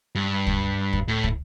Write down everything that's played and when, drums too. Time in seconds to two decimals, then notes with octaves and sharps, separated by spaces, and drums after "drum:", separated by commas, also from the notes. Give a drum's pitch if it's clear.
0.15 G2
0.47 drum: kick
0.93 drum: kick
1.08 A2
1.24 drum: kick